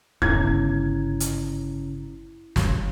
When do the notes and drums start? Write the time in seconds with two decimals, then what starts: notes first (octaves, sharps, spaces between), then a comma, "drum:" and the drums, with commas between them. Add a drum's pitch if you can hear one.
0.22 G1 C#3 C#4 E4 A#5 G#6, drum: kick
1.20 drum: hi-hat
2.56 drum: snare